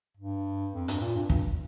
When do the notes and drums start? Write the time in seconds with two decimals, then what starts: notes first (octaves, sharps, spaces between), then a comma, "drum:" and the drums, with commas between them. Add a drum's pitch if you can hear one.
0.17 G2
0.73 F2
0.88 G2, drum: hi-hat
1.01 A#2
1.15 G2
1.29 G2, drum: kick